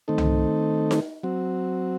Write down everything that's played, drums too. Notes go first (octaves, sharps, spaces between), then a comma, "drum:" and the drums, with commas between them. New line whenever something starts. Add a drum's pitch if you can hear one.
D#3 A3 C4 D#4 A4
drum: tom C2
drum: snare D#4
F#3 C4 F#4